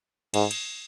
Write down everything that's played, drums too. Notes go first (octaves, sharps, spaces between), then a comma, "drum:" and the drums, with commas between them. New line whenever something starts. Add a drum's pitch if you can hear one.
G#2, drum: cymbal
drum: cymbal